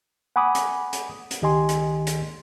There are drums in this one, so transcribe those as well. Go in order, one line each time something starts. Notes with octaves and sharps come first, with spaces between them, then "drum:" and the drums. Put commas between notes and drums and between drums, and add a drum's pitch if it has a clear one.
F#5 G#5 B5 D6 D#6
drum: hi-hat
drum: hi-hat
drum: hi-hat
C#2 D#3 G4 D#5 G#5 C6
drum: hi-hat
drum: hi-hat